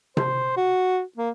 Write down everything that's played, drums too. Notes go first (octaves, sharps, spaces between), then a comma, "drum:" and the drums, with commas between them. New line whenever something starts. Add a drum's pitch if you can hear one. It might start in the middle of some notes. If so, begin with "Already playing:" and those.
C5, drum: tom C3
F#4
A#3